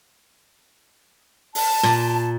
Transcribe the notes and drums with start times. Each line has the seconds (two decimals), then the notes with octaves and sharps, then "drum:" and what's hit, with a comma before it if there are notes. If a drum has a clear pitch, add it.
1.55 A5, drum: open hi-hat
1.83 A#2, drum: snare